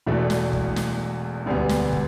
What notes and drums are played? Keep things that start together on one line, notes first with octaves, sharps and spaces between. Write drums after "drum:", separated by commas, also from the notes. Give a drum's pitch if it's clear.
E1 E2 B2 A3 D4
drum: snare
drum: kick
drum: snare
E1 D2 D3 G3 B3
drum: snare
drum: kick